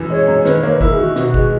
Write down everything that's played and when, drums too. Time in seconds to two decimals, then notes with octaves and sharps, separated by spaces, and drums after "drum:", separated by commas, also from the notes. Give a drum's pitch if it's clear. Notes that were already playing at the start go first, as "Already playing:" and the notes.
Already playing: F#2 E3
0.10 G#3 C#5
0.28 F#2
0.45 D#3 B4, drum: snare
0.63 A#3 C#5
0.72 B4
0.81 E4 A#4, drum: kick
0.90 G#4
0.98 D#3 F#4
1.16 B2 F#4, drum: snare
1.34 G#3, drum: kick